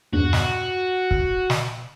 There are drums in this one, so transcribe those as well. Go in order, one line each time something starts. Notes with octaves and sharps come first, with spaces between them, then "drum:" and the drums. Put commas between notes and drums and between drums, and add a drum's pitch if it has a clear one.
E2 G2 F#4
drum: snare
drum: kick
drum: snare